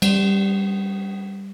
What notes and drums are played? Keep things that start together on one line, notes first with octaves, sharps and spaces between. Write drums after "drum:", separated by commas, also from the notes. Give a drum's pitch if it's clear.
G3, drum: cymbal